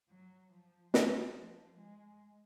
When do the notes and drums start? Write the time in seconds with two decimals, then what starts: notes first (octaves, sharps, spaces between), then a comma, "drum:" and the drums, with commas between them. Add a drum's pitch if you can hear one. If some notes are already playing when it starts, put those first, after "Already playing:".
0.09 F#3
0.51 F3
0.94 G#3, drum: snare
1.36 F3
1.78 G#3